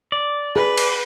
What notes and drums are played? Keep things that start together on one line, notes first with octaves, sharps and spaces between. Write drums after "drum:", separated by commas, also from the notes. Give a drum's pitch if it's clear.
D5
G#4 B4
drum: cymbal